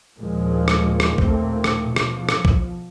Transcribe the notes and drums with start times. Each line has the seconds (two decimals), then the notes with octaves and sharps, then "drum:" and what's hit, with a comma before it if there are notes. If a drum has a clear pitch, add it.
0.19 A#1 D#2 A#2 F3 G#3 A#3
0.68 drum: rim click
1.00 drum: rim click
1.18 D#2 A#2 A3 A#3 C4, drum: kick B1
1.64 drum: rim click
1.80 B2 F3
1.96 drum: rim click
2.29 drum: rim click
2.45 drum: kick B1